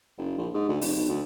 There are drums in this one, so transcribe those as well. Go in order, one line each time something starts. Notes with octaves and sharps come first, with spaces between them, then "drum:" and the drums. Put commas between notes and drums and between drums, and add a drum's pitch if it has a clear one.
F#1
A#1
G#2
D2
F1, drum: open hi-hat
B1
D2